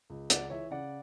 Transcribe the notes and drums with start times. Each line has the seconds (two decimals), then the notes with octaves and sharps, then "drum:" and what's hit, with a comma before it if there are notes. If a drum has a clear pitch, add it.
0.10 C#2
0.30 C#2 D5 F#5, drum: hi-hat
0.50 E3 C#5 E5
0.71 C#3 D5 F#5